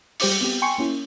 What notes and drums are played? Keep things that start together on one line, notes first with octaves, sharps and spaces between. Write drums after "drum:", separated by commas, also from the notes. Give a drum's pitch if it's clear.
G3 G4 C5 D6 C#7, drum: open hi-hat
B3 C4 G4
G5 G#5 C6 C#6 C#7
A#3 C#4 E4